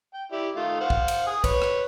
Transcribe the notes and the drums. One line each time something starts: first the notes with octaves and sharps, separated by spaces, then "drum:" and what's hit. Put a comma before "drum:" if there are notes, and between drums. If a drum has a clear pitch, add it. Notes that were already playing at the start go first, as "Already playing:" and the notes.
G5
E4 G4 D5
D#3 A3 F4
C5 F5 F#5
drum: kick
drum: cymbal
G#5 D#6
B4 C#5, drum: kick, cymbal
drum: rim click